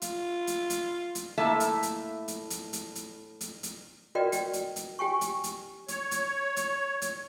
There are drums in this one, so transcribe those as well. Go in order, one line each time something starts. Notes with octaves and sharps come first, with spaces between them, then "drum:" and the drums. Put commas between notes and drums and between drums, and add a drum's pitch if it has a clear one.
F4, drum: hi-hat
drum: hi-hat
drum: hi-hat
drum: hi-hat
A2 A#3 A4 E5 A5
drum: hi-hat
drum: hi-hat
drum: hi-hat
drum: hi-hat
drum: hi-hat
drum: hi-hat
drum: hi-hat
drum: hi-hat
F#4 A#4 B4 D5 D#5 G5
G5, drum: hi-hat
drum: hi-hat
drum: hi-hat
G4 G5 G#5 C#6
drum: hi-hat
drum: hi-hat
C#5, drum: hi-hat
drum: hi-hat
drum: hi-hat
drum: hi-hat